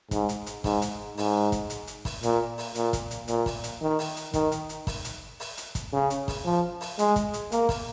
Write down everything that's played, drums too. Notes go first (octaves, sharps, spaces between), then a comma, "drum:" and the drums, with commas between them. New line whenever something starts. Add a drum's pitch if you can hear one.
G#2, drum: kick, hi-hat
drum: hi-hat
drum: hi-hat
G#2, drum: kick, open hi-hat
drum: hi-hat
G#2, drum: open hi-hat
drum: kick, hi-hat
drum: hi-hat
drum: hi-hat
drum: kick, open hi-hat
A#2, drum: hi-hat
drum: open hi-hat
A#2, drum: hi-hat
drum: kick, hi-hat
drum: hi-hat
A#2, drum: hi-hat
drum: kick, open hi-hat
drum: hi-hat
D#3
drum: open hi-hat
drum: hi-hat
D#3, drum: kick, hi-hat
drum: hi-hat
drum: hi-hat
drum: kick, open hi-hat
drum: hi-hat
drum: open hi-hat
drum: hi-hat
drum: kick, hi-hat
C#3
drum: hi-hat
drum: kick, open hi-hat
F3
drum: open hi-hat
G#3, drum: hi-hat
drum: kick, hi-hat
drum: hi-hat
A#3, drum: hi-hat
drum: kick, open hi-hat